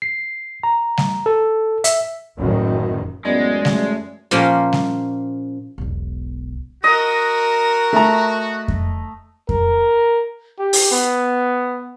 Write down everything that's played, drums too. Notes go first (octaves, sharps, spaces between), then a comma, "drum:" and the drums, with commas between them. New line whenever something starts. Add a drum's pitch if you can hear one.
C7
A#5
drum: snare G3
A4
E5, drum: hi-hat
F#1 F#2 A2 D#3
A1 F#2 G#3 B3 D5
A3, drum: snare G3
A#2 F3 A#3 C#4 F4
drum: snare G3
E1 B1
F#4 A#4 D#5
A3 A#5
drum: kick F2
A#4, drum: kick F2
G4
drum: open hi-hat
B3